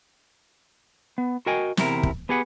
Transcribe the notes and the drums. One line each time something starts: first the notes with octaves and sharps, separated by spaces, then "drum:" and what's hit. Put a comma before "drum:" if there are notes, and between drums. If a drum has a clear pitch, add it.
B3
F#4 A#4 D#5 G5 G#5
E2 C3 E4 A#4, drum: snare
drum: kick
B3 G4 G#4 B4 F#5